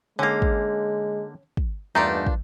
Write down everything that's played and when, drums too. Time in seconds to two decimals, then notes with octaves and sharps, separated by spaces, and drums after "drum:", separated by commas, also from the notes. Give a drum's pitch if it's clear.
0.19 D3 G#3 A#3 C#4 F5
0.42 drum: kick
1.57 drum: kick
1.95 E2 G2 A3 A#3 D4 D#4 F4
2.27 drum: kick